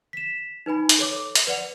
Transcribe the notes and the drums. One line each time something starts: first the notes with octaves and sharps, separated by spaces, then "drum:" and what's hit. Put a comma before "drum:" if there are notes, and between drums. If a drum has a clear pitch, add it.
B6 E7
D#4 B4 G#5 B5
drum: hi-hat
A4 C#5 D6
drum: hi-hat
B4 D5 F#5 C#7 F7